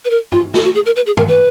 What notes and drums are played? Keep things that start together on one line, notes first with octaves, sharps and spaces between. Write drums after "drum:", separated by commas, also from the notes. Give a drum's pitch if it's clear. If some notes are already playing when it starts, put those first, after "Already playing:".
B4
A#4
F4, drum: tom
F#4, drum: snare A4
F#4
G#4
A#4
B4
G#4
A#4, drum: tom
B4